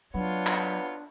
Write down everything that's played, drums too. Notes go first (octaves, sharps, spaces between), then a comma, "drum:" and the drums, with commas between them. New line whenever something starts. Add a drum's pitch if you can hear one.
F#3 B3 D4 F4 C#5
drum: clap